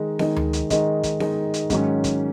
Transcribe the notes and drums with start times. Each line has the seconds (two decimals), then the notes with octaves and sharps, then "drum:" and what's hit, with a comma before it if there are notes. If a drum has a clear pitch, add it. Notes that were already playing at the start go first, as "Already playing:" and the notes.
Already playing: D#3 G#3 D#4
0.19 D#3 G#3 D#4, drum: snare B3
0.36 drum: tom D2
0.53 drum: hi-hat
0.70 D#3 G#3 D#4, drum: kick, hi-hat
1.03 drum: kick, hi-hat
1.20 D#3 G#3 D#4, drum: snare B3
1.54 drum: hi-hat
1.70 G#2 D#3 F#3 C#4, drum: kick, hi-hat
2.04 drum: kick, hi-hat